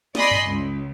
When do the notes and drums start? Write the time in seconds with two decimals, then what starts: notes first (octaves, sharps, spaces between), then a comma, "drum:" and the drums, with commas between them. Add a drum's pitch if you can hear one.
0.15 D5 D#5 G#5 B5 C6, drum: snare
0.31 drum: tom G2
0.45 C#2